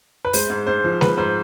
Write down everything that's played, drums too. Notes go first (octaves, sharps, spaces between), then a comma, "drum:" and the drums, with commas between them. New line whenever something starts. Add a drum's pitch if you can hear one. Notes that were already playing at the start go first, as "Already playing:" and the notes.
B4
G#3 C5, drum: open hi-hat
G#2
G#2 C5
F3
G#3 B4, drum: snare G#3
G#2 C5